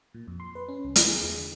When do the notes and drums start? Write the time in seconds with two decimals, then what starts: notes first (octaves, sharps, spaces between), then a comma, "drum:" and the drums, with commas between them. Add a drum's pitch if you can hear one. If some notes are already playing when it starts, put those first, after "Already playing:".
0.14 A#2
0.27 F2
0.40 C6
0.55 B4
0.68 C#4
0.84 C2
0.96 E4, drum: hi-hat
1.08 G#4
1.21 E2
1.36 D3